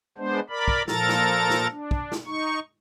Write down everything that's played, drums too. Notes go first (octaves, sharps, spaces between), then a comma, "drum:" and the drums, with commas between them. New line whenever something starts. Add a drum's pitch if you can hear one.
G#3 B3 D4 C5
A#4 D5 B5
drum: kick
A#2 F3 A4 A#4 A#5 A6, drum: snare
drum: snare
drum: snare
D4
drum: kick
drum: snare
D#4 C#6